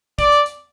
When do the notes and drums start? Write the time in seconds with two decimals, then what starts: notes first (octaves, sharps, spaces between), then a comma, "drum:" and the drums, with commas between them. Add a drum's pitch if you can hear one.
0.19 D5, drum: kick, hi-hat
0.32 drum: hi-hat
0.46 drum: hi-hat